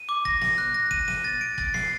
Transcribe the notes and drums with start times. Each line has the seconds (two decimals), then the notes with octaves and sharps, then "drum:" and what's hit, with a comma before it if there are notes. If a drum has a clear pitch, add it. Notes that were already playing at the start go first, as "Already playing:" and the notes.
Already playing: D#7
0.09 D6
0.25 A#6, drum: kick
0.42 A#6, drum: snare
0.58 F#6
0.74 A#6
0.91 D#7, drum: kick
1.08 D#7, drum: snare
1.24 A6
1.41 D7
1.58 A6, drum: kick
1.74 C7, drum: snare